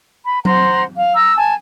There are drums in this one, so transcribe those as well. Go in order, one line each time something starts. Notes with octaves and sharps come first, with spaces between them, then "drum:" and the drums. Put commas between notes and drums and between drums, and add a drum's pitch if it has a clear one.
B5
C5 F#5 A#5 C6, drum: tom F#3
F5
A#5 E6
G#5 A5